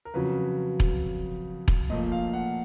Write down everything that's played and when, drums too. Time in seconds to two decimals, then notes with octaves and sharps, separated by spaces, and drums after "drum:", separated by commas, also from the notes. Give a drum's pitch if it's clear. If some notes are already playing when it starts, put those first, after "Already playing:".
0.05 A#4
0.14 F2 C#3 F#3 B4
0.80 drum: kick E1
1.68 drum: kick E1
1.90 A#2 F3 A3 D#5
2.12 F5
2.34 F#5